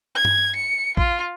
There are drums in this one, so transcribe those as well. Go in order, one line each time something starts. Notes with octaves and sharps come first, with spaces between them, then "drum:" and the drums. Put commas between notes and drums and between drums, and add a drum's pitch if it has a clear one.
G#6
drum: tom G2
C#7
F4, drum: kick